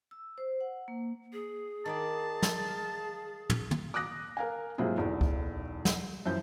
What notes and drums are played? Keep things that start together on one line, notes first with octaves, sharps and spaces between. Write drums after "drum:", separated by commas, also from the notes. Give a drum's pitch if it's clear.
E6
C5
F#5
A#3
G#4
D#3 D#4 D5 A5
drum: snare
F5
drum: tom
drum: tom
D6 D#6 F#6 A#6
A#4 F5 G#5
G#2 C3 F#3 A#3 F4 G#4
E1 B1 E2
drum: kick C#2
drum: snare
F#2 E3 F3 G6